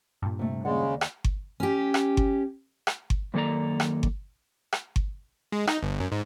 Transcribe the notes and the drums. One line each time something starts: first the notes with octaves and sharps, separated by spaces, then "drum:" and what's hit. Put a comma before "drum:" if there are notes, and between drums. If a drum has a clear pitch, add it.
G2 A#2
C3 A3
D#2 C#3 G#3 D5 F#5
drum: rim click
drum: kick G1
C#4 G4
drum: rim click
drum: kick G1
drum: rim click
drum: kick G1
F#2 D#3 A#3 A4 D5 A#5
drum: rim click
drum: kick G1
drum: rim click
drum: kick G1
G#3
D#4, drum: rim click
G1
F#2
G#2